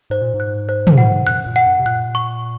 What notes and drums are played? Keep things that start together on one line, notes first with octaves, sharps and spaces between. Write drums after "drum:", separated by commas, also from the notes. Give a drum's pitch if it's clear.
G#2 C5
A#2
G#2
F#6
C5
drum: tom
F#5
F#2 F#6
A#2
F#5
F#2
C3
A#2 F#6
C#6